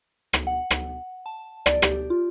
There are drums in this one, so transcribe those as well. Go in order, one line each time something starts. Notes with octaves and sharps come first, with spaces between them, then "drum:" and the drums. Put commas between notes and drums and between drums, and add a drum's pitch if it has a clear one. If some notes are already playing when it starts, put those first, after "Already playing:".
drum: rim click
F#5
drum: rim click
A5
D5, drum: rim click
G4, drum: rim click
F4